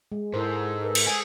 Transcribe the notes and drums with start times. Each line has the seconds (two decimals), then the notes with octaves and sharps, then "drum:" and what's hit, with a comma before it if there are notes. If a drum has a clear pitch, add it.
0.12 G#3
0.34 G#2 E4 A4 A#4 C5
0.83 A#4 B4 D#5
0.95 drum: cymbal
1.07 G#4 F#5 G#5